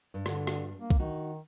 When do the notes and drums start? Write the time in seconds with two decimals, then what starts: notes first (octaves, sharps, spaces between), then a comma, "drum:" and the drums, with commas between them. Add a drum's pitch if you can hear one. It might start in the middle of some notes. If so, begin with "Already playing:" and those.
0.14 G2
0.26 D3, drum: rim click
0.47 drum: rim click
0.80 A#3
0.90 drum: kick
1.00 D#3 D#4 F#4